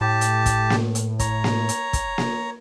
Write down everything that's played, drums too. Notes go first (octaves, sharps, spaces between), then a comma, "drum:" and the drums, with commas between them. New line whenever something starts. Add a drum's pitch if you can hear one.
A2 G4 A5
drum: hi-hat
drum: kick, hi-hat
drum: snare A#3
drum: hi-hat
C#5 A#5, drum: kick, hi-hat
drum: snare A#3
drum: hi-hat
drum: kick, hi-hat
drum: snare A#3